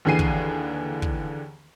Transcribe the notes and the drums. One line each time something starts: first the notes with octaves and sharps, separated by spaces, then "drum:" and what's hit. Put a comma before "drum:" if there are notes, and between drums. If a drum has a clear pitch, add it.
D#2 D3 E3 G#4 C7 D#7
drum: kick
drum: kick